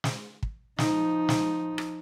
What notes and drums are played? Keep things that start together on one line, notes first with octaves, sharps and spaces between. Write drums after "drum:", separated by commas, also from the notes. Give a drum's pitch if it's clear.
drum: snare
drum: kick
F3 D#4, drum: snare
drum: snare
drum: rim click